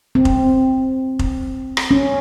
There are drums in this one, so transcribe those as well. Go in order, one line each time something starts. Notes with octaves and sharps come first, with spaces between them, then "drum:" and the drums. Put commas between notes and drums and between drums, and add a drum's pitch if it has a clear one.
C4
drum: kick F1
drum: kick F1
drum: rim click
C#4